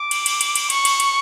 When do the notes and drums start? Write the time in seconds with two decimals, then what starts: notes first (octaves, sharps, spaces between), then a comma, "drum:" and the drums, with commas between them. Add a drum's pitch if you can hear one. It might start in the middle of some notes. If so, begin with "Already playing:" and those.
Already playing: D6
0.11 drum: cymbal
0.26 drum: cymbal
0.41 drum: cymbal
0.55 drum: cymbal
0.70 C#6, drum: cymbal
0.85 drum: cymbal
1.00 drum: cymbal